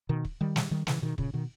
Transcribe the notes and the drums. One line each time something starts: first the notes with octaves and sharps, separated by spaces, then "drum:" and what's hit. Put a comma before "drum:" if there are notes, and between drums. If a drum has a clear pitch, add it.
B2 D#3
drum: kick
D#3 G3
drum: snare
D#3 G3
C#3 E3, drum: snare
B2 D#3
A#2 C#3, drum: kick
B2 D#3